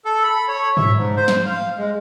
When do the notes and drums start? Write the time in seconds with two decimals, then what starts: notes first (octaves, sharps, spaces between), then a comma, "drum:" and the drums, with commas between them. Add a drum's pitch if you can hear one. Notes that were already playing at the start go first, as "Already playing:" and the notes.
0.05 A4
0.23 B5
0.49 C#5
0.77 E5, drum: tom G#2
0.95 G#2
1.17 C5
1.28 drum: snare
1.46 F5
1.78 G#3